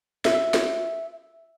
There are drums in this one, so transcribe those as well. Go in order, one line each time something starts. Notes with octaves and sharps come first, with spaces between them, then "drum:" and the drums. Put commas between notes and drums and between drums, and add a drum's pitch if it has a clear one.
E5, drum: snare
drum: snare